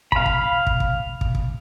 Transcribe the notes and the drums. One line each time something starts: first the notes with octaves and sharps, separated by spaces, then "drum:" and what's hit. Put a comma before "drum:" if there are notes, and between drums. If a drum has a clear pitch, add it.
F5 B5, drum: kick
drum: kick
drum: kick
drum: kick
drum: kick
drum: kick